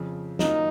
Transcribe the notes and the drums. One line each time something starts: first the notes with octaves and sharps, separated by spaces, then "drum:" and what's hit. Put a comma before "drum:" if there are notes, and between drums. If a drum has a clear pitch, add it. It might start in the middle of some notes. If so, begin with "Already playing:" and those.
Already playing: F2 C#3 F3
F#2 D#3 F#3 A#3 D#4 F4, drum: snare